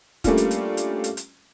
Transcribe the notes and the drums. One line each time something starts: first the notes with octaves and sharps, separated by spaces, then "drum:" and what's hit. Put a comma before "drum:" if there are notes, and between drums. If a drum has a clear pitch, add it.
G3 A3 A#3 C#4 D4 F4, drum: kick, hi-hat
drum: hi-hat
drum: hi-hat
drum: hi-hat
drum: hi-hat
drum: hi-hat